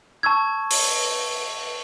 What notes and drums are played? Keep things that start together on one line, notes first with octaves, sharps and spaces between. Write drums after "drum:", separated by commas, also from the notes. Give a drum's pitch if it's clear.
A5 C#6 E6 G#6
drum: open hi-hat